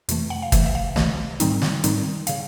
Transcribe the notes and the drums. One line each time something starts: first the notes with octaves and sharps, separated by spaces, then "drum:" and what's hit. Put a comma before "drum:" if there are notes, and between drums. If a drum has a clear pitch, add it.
F2 C3 E3 A3, drum: hi-hat
F#5
F5
C2 C3 E3 A3 E5, drum: kick, hi-hat
E5
F5
C2 C3 E3 A3 D#5, drum: snare
G#2 D#3 G3 C4 D#4, drum: hi-hat
drum: snare
G#2 D#3 G3 C4 D#4, drum: hi-hat
C#3 F5, drum: hi-hat